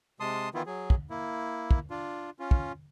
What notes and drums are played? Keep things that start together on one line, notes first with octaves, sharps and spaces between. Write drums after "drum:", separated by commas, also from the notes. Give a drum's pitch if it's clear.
C3 G#3 A5 C6 D#6
D#3 E3 B3 E4 F4
F#3 G#4
drum: kick
A#3 E4
drum: kick
D4 F4
C#4 F4
drum: kick